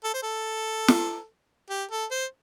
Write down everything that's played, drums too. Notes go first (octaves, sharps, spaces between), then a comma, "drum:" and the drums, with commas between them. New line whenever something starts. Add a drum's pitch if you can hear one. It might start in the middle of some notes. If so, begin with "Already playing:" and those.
A4
C5
A4
drum: snare
G4
A4
C5